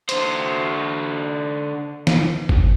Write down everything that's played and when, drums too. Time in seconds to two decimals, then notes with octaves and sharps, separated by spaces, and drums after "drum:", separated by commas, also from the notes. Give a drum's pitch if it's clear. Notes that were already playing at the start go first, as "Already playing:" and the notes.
0.09 D3 C5, drum: hi-hat
2.07 drum: snare
2.49 drum: kick